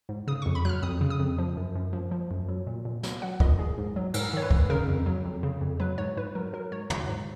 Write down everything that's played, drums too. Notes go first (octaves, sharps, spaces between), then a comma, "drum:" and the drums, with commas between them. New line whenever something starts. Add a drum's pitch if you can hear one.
G#2
C#3 D#6
F2 C#6
B5
F#3 F6 F#6
F2 D#6
C#3
D#6
F2
F3
F#2
F#2
F3
F3
F#2
F#3
A#2
A#2
F#3, drum: snare
F#3 F#5
A#2 D#5, drum: kick
D#3 G#4
G#2
F#3
G#2 A#4, drum: cymbal
D#3 C#5
B4
G#2, drum: kick
C#3 A#4
F2
F#3
F2
C#3
F2
F#3 B4
G#2 C#5
G#2 B4
F#3 A#4
F#3 A#4
G#2 C#5
F#3 C#5, drum: tom
G#2